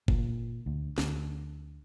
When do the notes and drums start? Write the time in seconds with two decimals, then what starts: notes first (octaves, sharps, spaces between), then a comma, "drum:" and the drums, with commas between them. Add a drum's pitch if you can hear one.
0.08 A#2, drum: kick
0.66 D2
0.98 D2, drum: snare